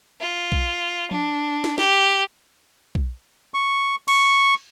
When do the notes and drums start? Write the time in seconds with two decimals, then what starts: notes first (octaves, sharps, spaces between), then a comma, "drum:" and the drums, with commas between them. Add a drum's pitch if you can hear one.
0.21 F4
0.52 drum: kick B1
1.11 D4, drum: tom F3
1.64 drum: snare
1.78 G4, drum: snare
2.95 drum: kick B1
3.54 C#6
4.08 C#6, drum: cymbal